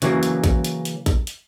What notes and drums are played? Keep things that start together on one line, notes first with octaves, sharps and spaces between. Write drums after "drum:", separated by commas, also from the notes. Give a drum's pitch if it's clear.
C#3 E3 F#3 A#3, drum: hi-hat
drum: hi-hat
drum: kick A1, hi-hat
drum: hi-hat
drum: hi-hat
drum: kick A1, hi-hat
drum: hi-hat